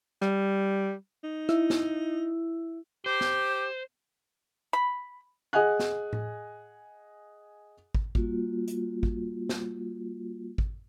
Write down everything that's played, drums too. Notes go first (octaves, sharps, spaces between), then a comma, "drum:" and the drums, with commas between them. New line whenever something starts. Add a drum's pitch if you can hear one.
G3, drum: rim click
D#4
E4, drum: rim click
drum: snare
G4 C5
drum: snare
B5
G#4 D#5 F#5 G#5 F#6
drum: snare
drum: tom A2
drum: kick
G3 A#3 F4 F#4, drum: kick
drum: hi-hat
drum: kick
drum: snare
drum: kick